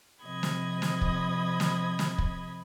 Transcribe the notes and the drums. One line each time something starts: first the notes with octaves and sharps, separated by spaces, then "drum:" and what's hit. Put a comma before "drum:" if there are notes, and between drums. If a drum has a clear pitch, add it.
C3 F3 D#5 B5 G#6
drum: snare
drum: snare
drum: kick
drum: snare
drum: snare
drum: kick